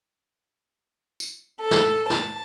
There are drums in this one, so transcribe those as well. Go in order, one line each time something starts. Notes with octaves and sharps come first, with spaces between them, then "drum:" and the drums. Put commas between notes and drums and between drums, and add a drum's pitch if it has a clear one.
drum: tambourine
A4
drum: snare
A5, drum: snare